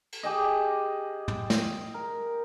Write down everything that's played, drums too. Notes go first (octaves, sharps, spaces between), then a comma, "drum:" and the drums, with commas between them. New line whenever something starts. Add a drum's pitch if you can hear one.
drum: cymbal
G4 G#4 D#5
drum: tom
drum: snare
A#4